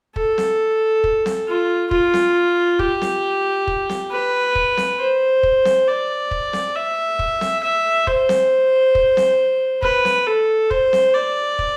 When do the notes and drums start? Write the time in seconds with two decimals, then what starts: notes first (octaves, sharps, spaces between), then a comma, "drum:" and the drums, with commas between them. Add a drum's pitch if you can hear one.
0.16 A4, drum: kick
0.38 drum: snare C4
1.04 drum: kick
1.26 drum: snare C4
1.48 F4
1.91 F4, drum: kick
2.14 drum: snare C4
2.79 G4, drum: kick
3.02 drum: snare C4
3.67 drum: kick
3.89 drum: snare C4
4.12 B4
4.55 drum: kick
4.77 drum: snare C4
4.99 C5
5.43 drum: kick
5.65 drum: snare C4
5.88 D5
6.31 drum: kick
6.53 drum: snare C4
6.76 E5
7.19 drum: kick
7.41 drum: snare C4
7.63 E5
8.07 C5, drum: kick
8.29 drum: snare C4
8.95 drum: kick
9.17 drum: snare C4
9.82 B4, drum: kick
10.05 drum: snare C4
10.27 A4
10.71 C5, drum: kick
10.93 drum: snare C4
11.15 D5
11.59 drum: kick